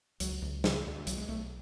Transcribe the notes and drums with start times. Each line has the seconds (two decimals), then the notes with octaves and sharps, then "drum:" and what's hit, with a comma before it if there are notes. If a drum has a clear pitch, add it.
0.20 C#2 F#3, drum: hi-hat
0.42 C#2
0.64 C#3, drum: snare
0.86 D2
1.07 B1 F#3, drum: hi-hat
1.18 G#3
1.28 B1 A3